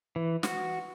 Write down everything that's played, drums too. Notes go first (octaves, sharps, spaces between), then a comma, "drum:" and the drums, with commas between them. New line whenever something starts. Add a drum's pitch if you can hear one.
E3
F#4, drum: snare